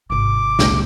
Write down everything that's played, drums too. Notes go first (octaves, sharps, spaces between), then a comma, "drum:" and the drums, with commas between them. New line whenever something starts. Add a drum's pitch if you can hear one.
G#1 C3 D6
C#2 A#2 C#3, drum: snare